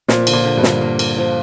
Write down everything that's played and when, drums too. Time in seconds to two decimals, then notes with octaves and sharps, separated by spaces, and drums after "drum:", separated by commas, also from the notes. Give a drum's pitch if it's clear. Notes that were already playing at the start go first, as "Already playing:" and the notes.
0.08 A#2 F3, drum: snare
0.27 D3, drum: cymbal
0.33 A#2
0.45 D3
0.57 G2
0.63 D3, drum: snare
0.81 A#3
0.99 A#3, drum: cymbal
1.18 F3